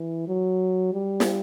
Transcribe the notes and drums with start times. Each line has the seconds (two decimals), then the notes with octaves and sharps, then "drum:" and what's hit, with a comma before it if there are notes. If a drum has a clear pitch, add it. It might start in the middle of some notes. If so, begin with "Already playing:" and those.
Already playing: E3
0.27 F#3
0.93 G3
1.20 drum: snare